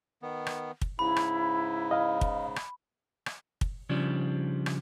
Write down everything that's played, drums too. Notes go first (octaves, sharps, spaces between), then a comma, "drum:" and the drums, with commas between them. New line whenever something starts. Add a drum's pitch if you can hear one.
D#3 B3
drum: rim click
drum: kick
G#2 C#3 E4 B5
drum: rim click
D#5 F5
drum: kick
drum: rim click
drum: rim click
drum: kick
C#3 F3 G3 D4
drum: rim click